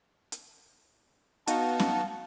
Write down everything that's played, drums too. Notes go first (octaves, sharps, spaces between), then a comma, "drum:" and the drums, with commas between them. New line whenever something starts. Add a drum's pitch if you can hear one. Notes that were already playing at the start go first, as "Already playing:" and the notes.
drum: hi-hat
B3 D#4 F#4 F5 A5, drum: hi-hat
drum: snare C#4